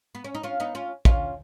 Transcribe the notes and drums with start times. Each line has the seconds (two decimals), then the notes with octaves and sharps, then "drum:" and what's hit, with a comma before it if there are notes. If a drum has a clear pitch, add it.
0.15 B3
0.24 C#4
0.35 D#4
0.43 C#4 F4
0.60 B3 D#4
0.75 C#4 F4
1.05 C#4 F4, drum: kick